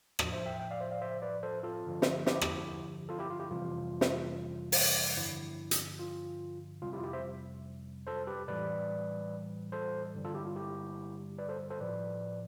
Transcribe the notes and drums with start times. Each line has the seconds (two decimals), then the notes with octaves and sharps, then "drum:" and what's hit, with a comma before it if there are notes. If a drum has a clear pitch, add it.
0.19 A2 F3, drum: rim click
0.32 C5 E5
0.46 E5 G5
0.59 E5 G5
0.71 D5 F5
0.81 C5 E5
0.91 D5 F5
1.02 C5 E5
1.22 B4 D5
1.43 A4 C5
1.63 F4 A4
1.84 G2 D3 F3
2.02 drum: snare
2.26 E4 G4, drum: snare
2.41 drum: rim click
3.09 F4 A4
3.19 E4 G4
3.30 F4
3.40 E4 G4
3.50 F2 C3 E3 G3 F4
4.01 drum: snare
4.72 drum: open hi-hat
5.16 G2 D3 F3 E4
5.71 drum: hi-hat
5.99 F4
6.82 F2 C3 G3 F4
6.93 E4 G4
6.98 F4
7.03 E4 G4
7.13 C5 E5
8.07 A4 C5
8.27 G4 B4
8.48 A2 E3 G3 B4 D5
9.72 A4 C5
10.15 G2 D3 G3
10.24 F4 A4
10.35 E4 G4
10.46 F4
10.55 E4 G4
11.38 B4 D5
11.49 A4 C5
11.70 A4 C5
11.80 A2 F3 B4 D5